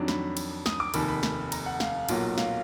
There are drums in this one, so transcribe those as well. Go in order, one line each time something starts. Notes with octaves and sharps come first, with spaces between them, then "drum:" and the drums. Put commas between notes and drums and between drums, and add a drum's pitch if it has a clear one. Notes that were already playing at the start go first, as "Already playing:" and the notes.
Already playing: F2 D#3 F#3 D4
B5, drum: snare
drum: cymbal
D#6, drum: snare
D6
F1 D#2 D#3 B5, drum: cymbal
B5
drum: snare
A#5, drum: cymbal
F#5
F5, drum: snare
B1 A#2 F#3 A#3 F4, drum: cymbal
F5, drum: snare